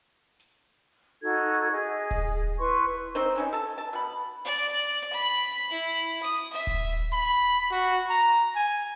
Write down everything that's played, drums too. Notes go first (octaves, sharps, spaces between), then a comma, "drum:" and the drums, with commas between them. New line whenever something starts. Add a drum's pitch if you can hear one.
drum: hi-hat
D#4 F#4 A4 G#6
drum: hi-hat
G#4 D#5
drum: kick D#1, open hi-hat
E4 B4 C6 C#6
C4 D#4 C5
E3 C#4 D#4
A4 A5
A5
B2 B5
D5
drum: hi-hat
B5
E4
drum: hi-hat
D#6
E5
drum: kick D#1, open hi-hat
B5
drum: hi-hat
F#4
A#5
drum: hi-hat
G#5